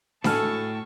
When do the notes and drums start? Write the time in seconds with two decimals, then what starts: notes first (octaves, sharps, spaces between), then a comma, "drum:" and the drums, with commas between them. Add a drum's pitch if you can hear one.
0.24 A2 F#4 A4 G#5 A5 B5 C#6 F6, drum: snare D4